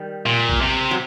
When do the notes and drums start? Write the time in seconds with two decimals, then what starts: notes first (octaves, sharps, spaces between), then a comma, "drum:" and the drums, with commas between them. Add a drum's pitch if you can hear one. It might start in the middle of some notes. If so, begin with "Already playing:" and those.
Already playing: D#3 G3
0.26 A#2
0.49 drum: kick A#1
0.61 C3
0.91 F#3